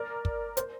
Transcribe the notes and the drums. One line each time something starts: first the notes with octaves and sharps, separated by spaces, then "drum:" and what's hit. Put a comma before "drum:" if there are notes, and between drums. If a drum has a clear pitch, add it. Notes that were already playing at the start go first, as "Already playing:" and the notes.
Already playing: A#4 D5
drum: kick
C5, drum: hi-hat